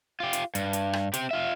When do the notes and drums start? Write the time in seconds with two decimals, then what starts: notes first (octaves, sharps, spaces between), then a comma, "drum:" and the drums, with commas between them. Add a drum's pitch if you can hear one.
0.20 F4 G4
0.33 drum: hi-hat
0.55 G2, drum: hi-hat
0.73 drum: hi-hat
0.93 drum: rim click
1.14 C4 G4, drum: hi-hat
1.31 F4 E5